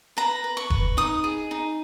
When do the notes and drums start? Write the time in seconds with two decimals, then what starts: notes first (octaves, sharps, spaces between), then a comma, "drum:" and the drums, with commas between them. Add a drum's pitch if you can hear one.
0.17 B4 A#5
0.44 B4
0.57 C#6
0.70 B4, drum: kick
0.97 D#4 D#6
1.24 G#4
1.51 D#4